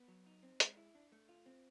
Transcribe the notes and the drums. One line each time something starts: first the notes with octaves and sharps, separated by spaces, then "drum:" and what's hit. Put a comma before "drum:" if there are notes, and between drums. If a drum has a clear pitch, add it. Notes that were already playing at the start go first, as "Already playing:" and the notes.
Already playing: B3
F#3
D#4
C4
G#3, drum: hi-hat
E4
D4
A3
F4
C4